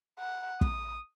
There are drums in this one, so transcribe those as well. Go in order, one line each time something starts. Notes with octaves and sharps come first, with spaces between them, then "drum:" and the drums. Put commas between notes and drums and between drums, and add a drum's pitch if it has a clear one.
F#5
D#6, drum: kick